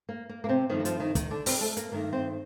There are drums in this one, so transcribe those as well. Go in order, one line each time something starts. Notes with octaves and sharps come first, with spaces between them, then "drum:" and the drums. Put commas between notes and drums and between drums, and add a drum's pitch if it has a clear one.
A#3
A#3
A#3
C3 C4
G2 D#3 F3 A3 D#4
D#4
F3 F4, drum: hi-hat
D#3 D#4
D#3 D#4, drum: kick, hi-hat
D3 D4
C3 C4, drum: open hi-hat
A3 A4
A#3 A#4, drum: hi-hat
G2 D#3 A3 A#3 A#4
C4 C5